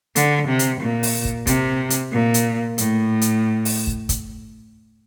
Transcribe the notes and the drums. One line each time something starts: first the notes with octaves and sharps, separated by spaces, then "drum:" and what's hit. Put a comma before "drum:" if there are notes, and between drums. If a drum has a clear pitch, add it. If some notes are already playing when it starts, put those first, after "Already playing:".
D3, drum: hi-hat
C3
drum: hi-hat
A#2
drum: open hi-hat
drum: kick
C3, drum: kick, hi-hat
drum: hi-hat
A#2
drum: hi-hat
A2, drum: hi-hat
drum: hi-hat
drum: open hi-hat
drum: kick
drum: kick, hi-hat